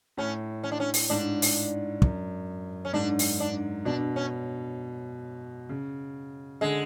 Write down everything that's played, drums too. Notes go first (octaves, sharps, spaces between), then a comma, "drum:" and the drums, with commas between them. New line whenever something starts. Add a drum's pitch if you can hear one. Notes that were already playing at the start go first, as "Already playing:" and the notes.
A2 C#4
C#4
D4
C#4
drum: open hi-hat
G#2 D4
drum: open hi-hat
F#2, drum: kick
C#4
G#2 D4
drum: open hi-hat
D4
B2 D4
C#4
C#3
D3 G#3